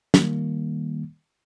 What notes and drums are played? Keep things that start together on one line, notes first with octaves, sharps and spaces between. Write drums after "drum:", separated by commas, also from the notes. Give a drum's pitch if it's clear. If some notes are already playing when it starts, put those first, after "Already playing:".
D#3 G3 A#3, drum: snare